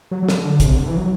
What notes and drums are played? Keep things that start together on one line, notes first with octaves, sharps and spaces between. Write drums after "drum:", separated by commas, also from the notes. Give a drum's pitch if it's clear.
F#3
F#3
C3, drum: snare
D3
D3
C3, drum: kick, hi-hat
D3
E3
F#3